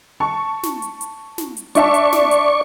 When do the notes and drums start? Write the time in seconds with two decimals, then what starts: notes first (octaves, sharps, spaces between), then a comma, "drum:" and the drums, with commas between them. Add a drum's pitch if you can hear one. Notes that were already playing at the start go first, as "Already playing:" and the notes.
0.20 A5 C#6
0.63 drum: snare
0.82 drum: hi-hat
1.01 drum: hi-hat
1.38 drum: snare
1.57 drum: hi-hat
1.75 D4 D5 E5 A5 C#6, drum: hi-hat
1.94 drum: hi-hat
2.13 drum: snare
2.31 drum: hi-hat